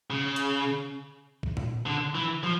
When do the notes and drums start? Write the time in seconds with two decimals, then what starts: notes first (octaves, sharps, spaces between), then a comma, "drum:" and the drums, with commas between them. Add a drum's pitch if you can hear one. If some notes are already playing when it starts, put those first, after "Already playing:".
0.10 C#3
0.36 drum: hi-hat
1.43 drum: kick
1.57 drum: tom A#2
1.86 D3
2.15 E3
2.43 F3